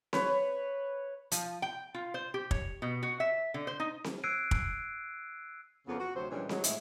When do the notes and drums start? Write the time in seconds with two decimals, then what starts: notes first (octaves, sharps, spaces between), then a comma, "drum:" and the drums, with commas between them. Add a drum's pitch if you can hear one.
0.13 B4 C#5, drum: snare C4
1.31 F3, drum: hi-hat
1.62 G5
1.94 F4
2.14 C5
2.34 G4
2.51 C#5, drum: kick
2.82 B2
3.03 F#4
3.20 E5
3.54 D3
3.67 C5
3.80 D#4
4.04 drum: snare C4
4.24 E6 F#6 G#6 C7 D7 D#7
4.51 drum: kick
5.87 F2 C#3 F3 A#3 B3
5.99 F#4
6.15 D2 C3 F#3 C5
6.31 A#2 E3 G3 G#3 C#4 D4
6.49 F#3 G#3, drum: snare C4
6.64 A2 G#3 E4, drum: hi-hat